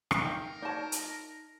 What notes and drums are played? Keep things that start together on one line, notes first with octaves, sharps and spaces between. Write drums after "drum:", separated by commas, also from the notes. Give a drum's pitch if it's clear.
drum: rim click
D#4 A#4 F5 G5
D#4 C#5 D5 A5
drum: hi-hat